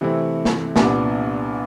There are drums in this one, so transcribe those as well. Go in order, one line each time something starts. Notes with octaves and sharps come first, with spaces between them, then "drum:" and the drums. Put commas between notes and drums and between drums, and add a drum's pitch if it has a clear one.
C3 E3 A3 C4 E4
drum: snare
C2 A#2 G3 B3 D4, drum: snare